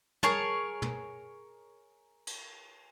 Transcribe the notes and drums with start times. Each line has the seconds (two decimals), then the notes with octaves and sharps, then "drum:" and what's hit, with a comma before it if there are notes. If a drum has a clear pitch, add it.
0.23 G#4 A#4 C#5 A5, drum: tom
0.82 drum: tom
2.27 drum: cymbal